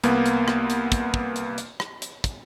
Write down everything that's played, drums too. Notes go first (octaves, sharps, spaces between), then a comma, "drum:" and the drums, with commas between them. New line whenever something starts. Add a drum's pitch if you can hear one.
C2 A#3 B3, drum: hi-hat
drum: hi-hat
drum: rim click
drum: hi-hat
drum: kick, hi-hat
drum: kick
drum: hi-hat
drum: hi-hat
drum: rim click
drum: hi-hat
drum: kick, hi-hat